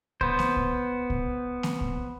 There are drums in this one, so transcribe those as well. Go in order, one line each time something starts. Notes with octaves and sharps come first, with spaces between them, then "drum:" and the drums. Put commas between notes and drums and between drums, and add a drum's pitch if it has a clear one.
B3 C5, drum: kick C2
drum: snare A#3
drum: kick C2
drum: kick C2
drum: snare A#3
drum: kick C2